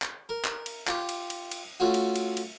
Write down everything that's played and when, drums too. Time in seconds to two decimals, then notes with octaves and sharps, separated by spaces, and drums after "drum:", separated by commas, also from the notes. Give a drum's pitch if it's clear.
0.02 drum: clap
0.29 A#4
0.45 drum: clap
0.66 drum: cymbal
0.87 F4 G4, drum: clap
1.09 drum: cymbal
1.30 drum: cymbal
1.51 drum: cymbal
1.80 A3 C#4 F4 F#4
1.94 drum: cymbal
2.16 drum: cymbal
2.37 drum: cymbal